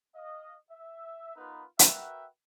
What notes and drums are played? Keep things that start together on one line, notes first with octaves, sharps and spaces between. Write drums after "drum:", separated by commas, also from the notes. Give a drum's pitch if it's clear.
D#5 F5
E5
B3 D#4 F4 A#4 B4
F#4 A#4 B4 E5 F#5 G5, drum: hi-hat